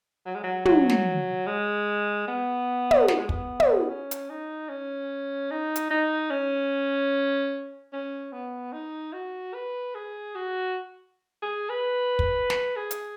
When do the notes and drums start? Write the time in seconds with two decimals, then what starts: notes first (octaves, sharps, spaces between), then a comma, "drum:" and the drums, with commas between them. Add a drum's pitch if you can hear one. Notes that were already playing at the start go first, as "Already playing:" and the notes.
0.26 F#3
0.35 G#3
0.43 F#3
0.65 F#3, drum: tom
0.89 drum: snare
1.46 G#3
2.28 B3
2.91 drum: tom
3.08 B3, drum: snare
3.18 G#3
3.29 B3, drum: kick
3.60 drum: tom
3.89 C#4
4.11 drum: hi-hat
4.30 D#4
4.69 C#4
5.51 D#4
5.76 drum: hi-hat
5.91 D#4
6.30 C#4
7.93 C#4
8.32 B3
8.73 D#4
9.13 F#4
9.54 B4
9.95 G#4
10.35 F#4
11.42 G#4
11.70 B4
12.19 drum: kick
12.50 drum: snare
12.76 G#4
12.91 drum: hi-hat